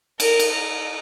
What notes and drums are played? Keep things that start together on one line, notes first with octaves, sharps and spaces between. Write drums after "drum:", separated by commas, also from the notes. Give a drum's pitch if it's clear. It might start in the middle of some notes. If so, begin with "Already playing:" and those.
A#4, drum: cymbal
drum: cymbal
A#5